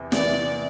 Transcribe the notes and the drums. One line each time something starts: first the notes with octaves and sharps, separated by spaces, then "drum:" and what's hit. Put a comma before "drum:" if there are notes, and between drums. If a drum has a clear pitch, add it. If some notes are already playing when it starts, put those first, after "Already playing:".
Already playing: E2 C3
E2 C3 E3 D5, drum: snare